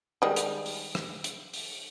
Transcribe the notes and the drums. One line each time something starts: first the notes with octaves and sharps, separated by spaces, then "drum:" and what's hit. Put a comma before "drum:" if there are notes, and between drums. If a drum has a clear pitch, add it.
D#3 G3 G#3
drum: hi-hat
drum: open hi-hat
drum: rim click
drum: hi-hat
drum: open hi-hat